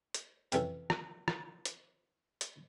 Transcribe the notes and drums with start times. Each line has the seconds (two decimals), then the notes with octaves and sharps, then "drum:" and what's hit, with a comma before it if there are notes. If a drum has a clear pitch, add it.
0.14 drum: hi-hat
0.52 F2 C3 E3 C4 C#4 A4, drum: hi-hat
0.90 drum: rim click
1.28 drum: rim click
1.65 drum: hi-hat
2.41 drum: hi-hat